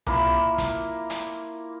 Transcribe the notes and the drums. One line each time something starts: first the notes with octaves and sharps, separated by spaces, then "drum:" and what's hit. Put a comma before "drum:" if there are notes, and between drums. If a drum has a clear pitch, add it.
A#3 E4 F4, drum: tom C2
drum: kick, hi-hat
drum: hi-hat